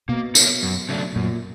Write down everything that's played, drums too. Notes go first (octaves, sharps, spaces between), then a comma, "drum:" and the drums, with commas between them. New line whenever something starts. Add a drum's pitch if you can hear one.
B2 A#3
D#4 F#4 A#4 C#5, drum: tambourine
F#2
C#3 F#3 A3 D4
F#2 A#2